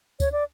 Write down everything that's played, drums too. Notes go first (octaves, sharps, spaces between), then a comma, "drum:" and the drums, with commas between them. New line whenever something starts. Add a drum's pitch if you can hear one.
C#5, drum: kick D2, tambourine
D5